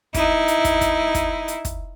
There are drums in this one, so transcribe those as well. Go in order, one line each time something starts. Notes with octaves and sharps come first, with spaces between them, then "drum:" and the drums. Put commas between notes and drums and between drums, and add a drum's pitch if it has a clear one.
D#4 E4, drum: kick, hi-hat
drum: hi-hat
drum: kick, hi-hat
drum: kick, hi-hat
drum: kick, hi-hat
drum: hi-hat
drum: kick, hi-hat